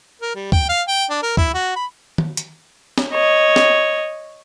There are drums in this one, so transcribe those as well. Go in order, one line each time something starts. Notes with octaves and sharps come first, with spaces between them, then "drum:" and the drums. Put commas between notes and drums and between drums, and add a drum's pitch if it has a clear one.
A#4
G3
G5, drum: kick
F5
G5
D4
A#4
E4, drum: kick
F#4
B5
drum: tom
drum: hi-hat
drum: snare
C#5 D#5
drum: snare